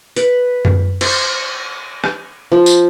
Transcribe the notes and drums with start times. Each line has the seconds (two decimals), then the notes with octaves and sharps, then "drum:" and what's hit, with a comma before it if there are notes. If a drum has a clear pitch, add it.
0.16 B4, drum: hi-hat
0.65 drum: tom F#2
1.01 C5, drum: cymbal
2.04 drum: rim click
2.52 F3
2.66 drum: tambourine